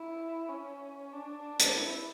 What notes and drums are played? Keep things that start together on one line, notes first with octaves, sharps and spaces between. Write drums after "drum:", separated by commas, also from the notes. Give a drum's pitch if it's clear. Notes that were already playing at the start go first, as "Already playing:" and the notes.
Already playing: E4
C#4
D4
drum: hi-hat
E4